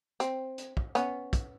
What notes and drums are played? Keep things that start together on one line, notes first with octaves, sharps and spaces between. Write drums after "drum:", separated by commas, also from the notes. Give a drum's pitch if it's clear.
C4, drum: hi-hat
drum: hi-hat
drum: kick
B3 C#4, drum: hi-hat
drum: kick, hi-hat